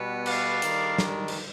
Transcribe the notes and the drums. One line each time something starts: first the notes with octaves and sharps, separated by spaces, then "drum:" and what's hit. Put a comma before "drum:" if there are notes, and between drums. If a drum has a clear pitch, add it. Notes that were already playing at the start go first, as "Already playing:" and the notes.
Already playing: B2 G3 B3
D5 F5, drum: cymbal
D#3 G3 D4, drum: hi-hat
drum: snare
drum: cymbal